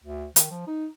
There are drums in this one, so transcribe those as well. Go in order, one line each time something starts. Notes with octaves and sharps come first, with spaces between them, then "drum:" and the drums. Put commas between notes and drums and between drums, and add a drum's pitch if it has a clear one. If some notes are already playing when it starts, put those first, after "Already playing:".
D2
D#3, drum: hi-hat
F3
D#4